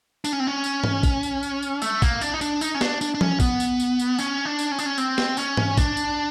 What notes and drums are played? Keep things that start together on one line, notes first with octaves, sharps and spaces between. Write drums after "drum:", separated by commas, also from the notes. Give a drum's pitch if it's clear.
D4, drum: tambourine
C#4
C4
C#4
drum: tambourine
drum: tom G#2
drum: kick, tambourine
drum: tambourine
drum: tambourine
drum: tambourine
A3, drum: tambourine
A#3, drum: kick, tambourine
D4, drum: tambourine
D#4
D4, drum: tambourine
D#4, drum: tambourine
C#4
D4, drum: snare
D4, drum: tambourine
D4
C#4, drum: tom F3
B3, drum: kick, tambourine
drum: tambourine
drum: tambourine
drum: tambourine
C#4, drum: tambourine
D4
drum: tambourine
C#4
D4, drum: tambourine
C#4
C4, drum: tambourine
drum: snare
C#4, drum: tambourine
drum: tom G#2
D4, drum: kick, tambourine
drum: tambourine